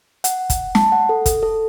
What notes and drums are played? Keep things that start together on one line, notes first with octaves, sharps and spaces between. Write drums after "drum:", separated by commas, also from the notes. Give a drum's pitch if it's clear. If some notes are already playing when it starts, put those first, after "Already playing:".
F#5, drum: hi-hat
drum: kick, hi-hat
A5, drum: snare
F#5
A4
A4, drum: kick, hi-hat
A4